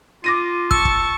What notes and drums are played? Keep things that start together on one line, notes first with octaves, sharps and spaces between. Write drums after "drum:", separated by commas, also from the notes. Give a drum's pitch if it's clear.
F4 D6 A#6 D#7
A5 C#6 E6, drum: kick
drum: kick